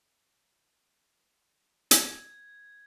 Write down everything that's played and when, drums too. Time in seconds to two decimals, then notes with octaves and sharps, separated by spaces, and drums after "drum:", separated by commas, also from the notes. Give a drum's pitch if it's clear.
1.91 G#6, drum: hi-hat